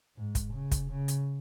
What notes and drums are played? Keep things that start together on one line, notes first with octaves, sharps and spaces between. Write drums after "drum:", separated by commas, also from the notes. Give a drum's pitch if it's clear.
G#2
drum: kick, hi-hat
C#3
drum: kick, hi-hat
C#3
drum: hi-hat